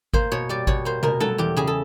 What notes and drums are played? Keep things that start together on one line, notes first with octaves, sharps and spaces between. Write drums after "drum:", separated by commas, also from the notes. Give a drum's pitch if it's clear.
A#3 C5, drum: kick G#1
B2 C#5
G3 D5
B2 C#5, drum: kick G#1
A#3 C5
B2 A#4, drum: tom
F#3 A4, drum: tom G3
E2 G4
C#3 G#4
A4